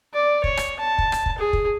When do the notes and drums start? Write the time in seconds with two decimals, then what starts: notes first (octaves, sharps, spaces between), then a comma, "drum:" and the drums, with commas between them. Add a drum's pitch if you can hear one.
0.14 D5
0.44 C#5, drum: kick
0.57 drum: rim click
0.80 A5
0.98 drum: kick
1.12 drum: rim click
1.26 drum: kick
1.38 G#4
1.53 drum: kick